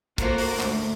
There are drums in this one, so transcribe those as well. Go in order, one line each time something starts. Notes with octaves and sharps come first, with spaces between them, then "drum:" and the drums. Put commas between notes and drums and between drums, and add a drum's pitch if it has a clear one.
A#3 F4 F#4 A4 A#4 C5, drum: kick, hi-hat
drum: open hi-hat
D2 G#2, drum: clap